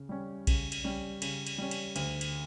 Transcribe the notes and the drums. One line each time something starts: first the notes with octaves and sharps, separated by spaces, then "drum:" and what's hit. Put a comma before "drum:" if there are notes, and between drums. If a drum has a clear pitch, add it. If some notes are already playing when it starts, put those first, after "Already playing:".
Already playing: C#3
G3 C#4
C#3, drum: kick A#1, cymbal
drum: cymbal
G3 C#4
C#3, drum: cymbal
drum: cymbal
G3 C#4
drum: cymbal
D2, drum: cymbal
drum: cymbal